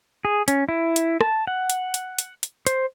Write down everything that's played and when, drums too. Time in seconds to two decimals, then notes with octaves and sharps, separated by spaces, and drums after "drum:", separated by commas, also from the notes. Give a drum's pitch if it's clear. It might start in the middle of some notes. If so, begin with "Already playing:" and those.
0.25 G#4
0.48 C#4, drum: hi-hat
0.69 E4
0.96 drum: hi-hat
1.21 A5, drum: rim click
1.47 F#5
1.70 drum: hi-hat
1.94 drum: hi-hat
2.19 drum: hi-hat
2.43 drum: hi-hat
2.67 C5, drum: hi-hat